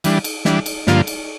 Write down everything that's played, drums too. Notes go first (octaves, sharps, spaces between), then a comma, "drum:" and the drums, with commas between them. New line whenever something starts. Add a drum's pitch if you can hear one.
E3 G3 D4, drum: cymbal
drum: cymbal
E3 G3 D4, drum: snare
drum: cymbal
G2 D3 F3 A#3 F4, drum: snare
drum: cymbal